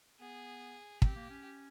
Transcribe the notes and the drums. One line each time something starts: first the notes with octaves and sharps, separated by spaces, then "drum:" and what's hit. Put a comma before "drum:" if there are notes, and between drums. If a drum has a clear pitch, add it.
B3 G#4
C4 G4, drum: kick
A#3
C#4